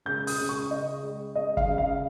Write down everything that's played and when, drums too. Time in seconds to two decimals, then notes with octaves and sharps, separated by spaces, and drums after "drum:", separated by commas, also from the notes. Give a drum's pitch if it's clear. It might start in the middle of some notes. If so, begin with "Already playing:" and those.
0.06 C#2 G6
0.27 D#6, drum: open hi-hat
0.38 C#2
0.49 C#6
0.71 C#3 D#5
1.03 G#3
1.35 G#3 D#5
1.57 F5, drum: kick
1.67 C#3
1.78 F5